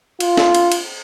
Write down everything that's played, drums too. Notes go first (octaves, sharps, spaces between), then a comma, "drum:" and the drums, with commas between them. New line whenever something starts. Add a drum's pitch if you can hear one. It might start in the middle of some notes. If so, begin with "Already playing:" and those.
F4, drum: cymbal
drum: snare
drum: cymbal
drum: cymbal